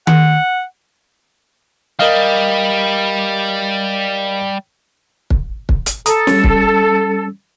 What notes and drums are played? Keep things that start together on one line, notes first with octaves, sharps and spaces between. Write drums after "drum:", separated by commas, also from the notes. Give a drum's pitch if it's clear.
F#5, drum: tom D#3
G3 A#4 D#5 F5
drum: kick
drum: kick
drum: hi-hat
A4 A#5 D#6, drum: hi-hat
G3 C#4, drum: snare
drum: kick